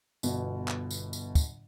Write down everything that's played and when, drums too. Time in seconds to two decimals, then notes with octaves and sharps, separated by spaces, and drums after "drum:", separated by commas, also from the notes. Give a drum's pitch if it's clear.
0.23 G1 B2, drum: tambourine
0.68 drum: clap
0.91 drum: tambourine
1.13 drum: tambourine
1.35 drum: kick, tambourine